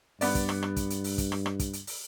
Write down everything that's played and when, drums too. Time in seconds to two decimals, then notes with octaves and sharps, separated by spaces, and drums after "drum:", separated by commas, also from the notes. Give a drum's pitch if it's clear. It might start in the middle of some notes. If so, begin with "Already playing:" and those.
0.21 G2 B3 D5, drum: open hi-hat
0.35 drum: kick, hi-hat
0.49 drum: rim click
0.63 drum: rim click
0.76 drum: kick, hi-hat
0.90 drum: hi-hat
1.04 drum: open hi-hat
1.18 drum: kick, hi-hat
1.32 drum: rim click
1.46 drum: rim click
1.59 drum: kick, hi-hat
1.73 drum: hi-hat
1.87 drum: open hi-hat